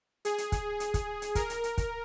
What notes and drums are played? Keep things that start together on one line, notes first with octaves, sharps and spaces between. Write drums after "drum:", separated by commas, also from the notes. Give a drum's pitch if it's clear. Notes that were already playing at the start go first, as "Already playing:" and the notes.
G#4, drum: hi-hat
drum: hi-hat
drum: kick, hi-hat
drum: hi-hat
drum: kick, hi-hat
drum: hi-hat
A#4, drum: kick, hi-hat
drum: hi-hat
drum: hi-hat
drum: kick, hi-hat